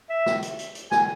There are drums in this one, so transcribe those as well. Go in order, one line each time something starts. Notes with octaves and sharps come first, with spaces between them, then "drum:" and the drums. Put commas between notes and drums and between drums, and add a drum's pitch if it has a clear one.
E5
drum: snare
drum: hi-hat
drum: hi-hat
drum: hi-hat
G#5, drum: snare